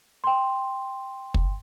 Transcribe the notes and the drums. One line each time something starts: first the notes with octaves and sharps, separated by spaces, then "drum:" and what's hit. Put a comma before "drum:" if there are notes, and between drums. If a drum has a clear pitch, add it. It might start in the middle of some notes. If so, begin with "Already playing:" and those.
G5 C6
drum: kick